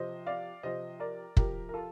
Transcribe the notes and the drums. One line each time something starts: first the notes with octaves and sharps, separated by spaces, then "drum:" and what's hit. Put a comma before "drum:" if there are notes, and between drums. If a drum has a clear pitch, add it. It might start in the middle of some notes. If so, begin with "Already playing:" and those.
Already playing: C3 F3 C5 D#5
D5 F5
C3 F3 C5 D#5
A#4 D5
C3 F3 G4 A#4, drum: kick
A#4
F4 A4